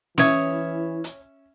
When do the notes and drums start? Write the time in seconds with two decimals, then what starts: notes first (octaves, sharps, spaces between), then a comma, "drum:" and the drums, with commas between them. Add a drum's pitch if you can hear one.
0.18 E3 C#4 E4 C#5 E5 D#6, drum: snare
1.04 drum: hi-hat